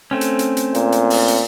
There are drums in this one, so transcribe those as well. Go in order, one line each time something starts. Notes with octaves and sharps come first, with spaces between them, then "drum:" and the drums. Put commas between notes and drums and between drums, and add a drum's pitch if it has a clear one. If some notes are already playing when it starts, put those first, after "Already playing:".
A3 C4 C#4
drum: hi-hat
drum: hi-hat
drum: hi-hat
A#2, drum: hi-hat
drum: hi-hat
drum: open hi-hat
drum: hi-hat